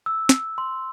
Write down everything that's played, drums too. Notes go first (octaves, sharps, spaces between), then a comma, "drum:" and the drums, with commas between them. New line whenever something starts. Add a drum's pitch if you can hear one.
E6
drum: snare
C6